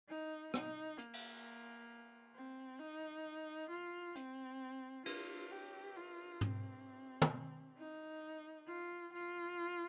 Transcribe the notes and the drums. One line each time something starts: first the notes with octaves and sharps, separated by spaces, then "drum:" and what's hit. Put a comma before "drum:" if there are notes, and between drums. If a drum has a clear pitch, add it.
D#4
D#4, drum: rim click
A#3, drum: hi-hat
drum: cymbal
C4
D#4
F4
C4, drum: hi-hat
F4, drum: cymbal
G4
F4
C4, drum: tom
drum: tom
D#4
F4
F4